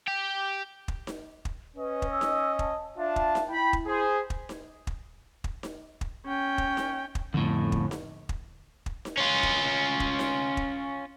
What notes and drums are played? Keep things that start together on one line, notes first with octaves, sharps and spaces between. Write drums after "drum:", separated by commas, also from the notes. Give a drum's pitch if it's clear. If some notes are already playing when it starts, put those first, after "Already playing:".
G4
drum: kick
drum: snare D#4
drum: kick
C#4 B4 D#5
drum: kick
E6
drum: snare D#4
A5, drum: kick
D4 F4 E5 A5
drum: kick
drum: snare D#4
E4 G5 B5
drum: kick
G#4 C5
drum: kick
drum: snare D#4
drum: kick
drum: kick
drum: snare D#4
drum: kick
C#4 G5
drum: kick
drum: snare D#4
drum: kick
F2 A2 D3 B3
drum: kick
drum: snare D#4
drum: kick
drum: kick
drum: snare D#4
C#4 F4
drum: kick
drum: kick
drum: snare D#4
drum: kick